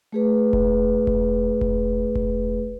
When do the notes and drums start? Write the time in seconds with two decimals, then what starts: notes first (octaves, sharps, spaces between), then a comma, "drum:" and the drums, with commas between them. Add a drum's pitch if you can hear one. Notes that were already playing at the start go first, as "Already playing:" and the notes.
0.12 A3 G#4 B4
0.53 drum: kick E1
1.07 drum: kick E1
1.61 drum: kick E1
2.15 drum: kick E1